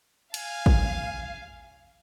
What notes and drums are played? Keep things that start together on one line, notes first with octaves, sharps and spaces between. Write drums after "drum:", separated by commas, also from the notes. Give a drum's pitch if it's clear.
F5 G#5, drum: cymbal
drum: kick